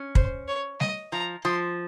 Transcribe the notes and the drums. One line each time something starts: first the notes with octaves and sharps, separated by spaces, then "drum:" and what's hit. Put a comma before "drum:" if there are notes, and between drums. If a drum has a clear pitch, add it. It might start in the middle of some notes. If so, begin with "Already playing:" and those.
Already playing: C#4
C5, drum: kick
C#5
D#5, drum: snare G3
F3 A#5
F3 C6